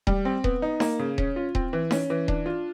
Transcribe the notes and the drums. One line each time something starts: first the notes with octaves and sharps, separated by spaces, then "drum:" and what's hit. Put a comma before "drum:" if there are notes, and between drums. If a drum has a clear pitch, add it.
G3, drum: kick D#1
C4
B3, drum: kick D#1
D#4
A#3, drum: snare D#4
C#3
C#4, drum: kick D#1
F4
C4, drum: kick D#1
E3
C#4, drum: snare D#4
E3
D4, drum: kick D#1
F4